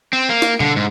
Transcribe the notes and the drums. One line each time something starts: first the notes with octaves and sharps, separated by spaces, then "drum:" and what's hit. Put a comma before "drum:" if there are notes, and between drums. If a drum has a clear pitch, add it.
C4
A#3
drum: snare
D3, drum: tom B2
G#2